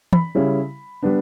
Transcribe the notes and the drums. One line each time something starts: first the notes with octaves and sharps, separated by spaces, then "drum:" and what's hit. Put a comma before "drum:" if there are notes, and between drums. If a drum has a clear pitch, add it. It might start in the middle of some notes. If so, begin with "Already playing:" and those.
B5, drum: tom
C#3 G3 C#4 E4
G3 B3 D4